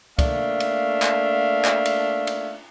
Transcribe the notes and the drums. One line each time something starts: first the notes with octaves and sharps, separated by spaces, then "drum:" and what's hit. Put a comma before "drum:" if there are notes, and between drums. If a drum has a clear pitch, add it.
A3 A#3 D4 E5 F5, drum: kick C#2, cymbal
drum: cymbal
drum: clap
drum: clap
drum: cymbal
drum: cymbal